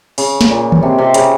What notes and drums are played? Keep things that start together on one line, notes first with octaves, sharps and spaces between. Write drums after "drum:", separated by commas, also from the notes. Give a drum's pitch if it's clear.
C#3, drum: open hi-hat
drum: snare
A#2
drum: tom
C3
C3
C#3, drum: hi-hat